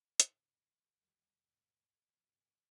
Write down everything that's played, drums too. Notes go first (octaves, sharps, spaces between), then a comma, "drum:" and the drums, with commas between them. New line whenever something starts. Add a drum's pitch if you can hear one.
G#2 C#3 F3, drum: hi-hat
D2 G2 D#3 G3 G#3
G1 D2 A#2
G1 C3 E3 G3